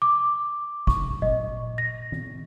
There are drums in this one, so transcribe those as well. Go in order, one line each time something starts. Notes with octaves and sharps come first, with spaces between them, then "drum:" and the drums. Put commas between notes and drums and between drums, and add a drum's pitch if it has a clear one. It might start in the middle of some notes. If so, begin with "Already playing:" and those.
D6
C#6, drum: kick
D#5, drum: tom A#2
A#6
drum: tom D#3